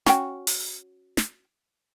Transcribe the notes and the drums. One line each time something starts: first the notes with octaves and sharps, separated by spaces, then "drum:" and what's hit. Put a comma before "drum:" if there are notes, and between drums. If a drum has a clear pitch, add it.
C#4 F#4 G5, drum: snare
drum: open hi-hat
drum: snare